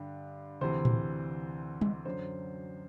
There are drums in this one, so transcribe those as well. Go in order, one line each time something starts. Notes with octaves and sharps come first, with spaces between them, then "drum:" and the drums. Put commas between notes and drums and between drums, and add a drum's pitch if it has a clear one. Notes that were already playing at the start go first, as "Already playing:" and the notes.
Already playing: G2 D3
D2 C3 E3 C5
drum: tom A2
drum: tom
F#2 D3 C5